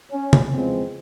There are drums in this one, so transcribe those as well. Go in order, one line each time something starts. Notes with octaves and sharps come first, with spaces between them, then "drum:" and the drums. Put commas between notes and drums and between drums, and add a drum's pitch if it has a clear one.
C#4
drum: tom C3
E2 C#3 F3 G#3 B3 C4